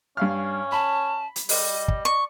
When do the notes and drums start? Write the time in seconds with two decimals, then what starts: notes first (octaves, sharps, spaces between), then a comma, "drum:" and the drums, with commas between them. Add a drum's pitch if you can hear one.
0.17 G2 C#4 F5 F6
0.72 A5 B5
1.36 drum: hi-hat
1.49 G3 D#5, drum: open hi-hat
1.88 drum: kick
2.05 D5 C#6